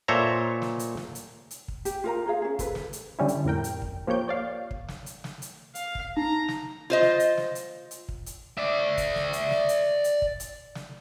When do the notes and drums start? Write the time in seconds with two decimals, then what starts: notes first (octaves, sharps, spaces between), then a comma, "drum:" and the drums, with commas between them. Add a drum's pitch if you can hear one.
0.08 A#2 A4 C5 C#5 E5 A#5
0.62 drum: snare
0.79 drum: hi-hat
0.97 drum: snare
1.15 drum: hi-hat
1.51 drum: hi-hat
1.68 drum: kick
1.85 G4, drum: hi-hat
2.04 F4 A#4 A#5
2.26 F4 G#4 F5
2.42 C#4 G#4
2.59 A4 B4, drum: kick, hi-hat
2.75 drum: snare
2.93 drum: hi-hat
3.19 D3 G3 C#4 E4
3.28 drum: hi-hat
3.45 F2 A2 A#4 G5
3.64 drum: hi-hat
3.82 drum: kick
4.07 F3 A#3 G4 C#5 G6 D7
4.28 C#5 D5 F5
4.71 drum: kick
4.88 drum: snare
5.06 drum: hi-hat
5.24 drum: snare
5.42 drum: hi-hat
5.75 F5, drum: hi-hat
5.95 drum: kick
6.17 D#4 A#5
6.48 drum: snare
6.90 F4 C5 D#5
7.02 drum: snare
7.20 drum: hi-hat
7.37 drum: snare
7.55 drum: hi-hat
7.91 drum: hi-hat
8.09 drum: kick
8.26 drum: hi-hat
8.58 D5 E5
8.97 drum: kick, hi-hat
9.15 drum: snare
9.33 drum: hi-hat
9.51 drum: snare
9.69 drum: hi-hat
10.04 drum: hi-hat
10.22 drum: kick
10.40 drum: hi-hat
10.75 drum: snare